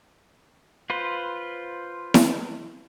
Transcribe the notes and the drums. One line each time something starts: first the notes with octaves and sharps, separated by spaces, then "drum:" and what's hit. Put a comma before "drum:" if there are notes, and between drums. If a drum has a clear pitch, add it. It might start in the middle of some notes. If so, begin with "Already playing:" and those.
F4 B4 C5
drum: snare E4